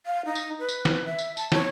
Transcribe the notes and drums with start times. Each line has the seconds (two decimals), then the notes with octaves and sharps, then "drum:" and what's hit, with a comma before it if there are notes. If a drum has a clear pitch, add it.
0.06 F5
0.25 D#4
0.35 drum: tambourine
0.59 B4
0.69 drum: tambourine
0.85 drum: snare
1.05 E5
1.18 drum: tambourine
1.37 A5, drum: tambourine
1.52 C#5, drum: snare